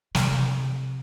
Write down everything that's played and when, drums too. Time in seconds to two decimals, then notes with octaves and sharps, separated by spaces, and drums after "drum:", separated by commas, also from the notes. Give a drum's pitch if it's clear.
0.15 C3, drum: snare